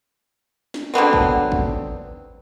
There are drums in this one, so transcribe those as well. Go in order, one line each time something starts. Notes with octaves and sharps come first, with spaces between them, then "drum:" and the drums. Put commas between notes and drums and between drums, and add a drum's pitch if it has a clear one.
drum: snare
D3 F#3 B3 C4
drum: kick G#1
drum: kick G#1